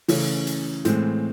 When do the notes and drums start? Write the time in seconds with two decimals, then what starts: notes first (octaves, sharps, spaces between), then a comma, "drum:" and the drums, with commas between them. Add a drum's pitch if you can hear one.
0.08 C#3 E3 A3 C#4, drum: open hi-hat
0.47 drum: hi-hat
0.85 A2 E3 G#3 C4, drum: hi-hat